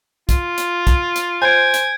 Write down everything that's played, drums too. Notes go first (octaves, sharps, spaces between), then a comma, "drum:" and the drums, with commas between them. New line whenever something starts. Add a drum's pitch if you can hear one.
F4, drum: kick, hi-hat
drum: hi-hat
drum: kick, hi-hat
drum: hi-hat
C5 G#5 G6 G#6 D7
drum: hi-hat